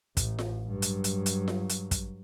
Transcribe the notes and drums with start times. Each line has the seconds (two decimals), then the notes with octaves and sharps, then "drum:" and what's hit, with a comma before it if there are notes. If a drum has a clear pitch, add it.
0.17 A1, drum: kick, hi-hat
0.39 drum: snare F4
0.67 G2 F#3
0.82 drum: hi-hat
1.04 drum: hi-hat
1.26 drum: hi-hat
1.48 drum: snare F4
1.69 drum: hi-hat
1.91 drum: kick, hi-hat